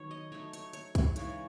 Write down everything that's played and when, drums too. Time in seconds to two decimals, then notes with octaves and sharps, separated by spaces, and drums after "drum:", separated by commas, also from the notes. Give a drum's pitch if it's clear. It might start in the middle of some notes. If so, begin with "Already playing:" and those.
Already playing: D#3 F#3 B3 C#5
0.11 D#5
0.32 F#3 A3 D#4 C#5
0.53 C#5, drum: hi-hat
0.73 C#5, drum: hi-hat
0.95 drum: kick, hi-hat
1.16 C#3 E3 G#3 D#4 C#5, drum: hi-hat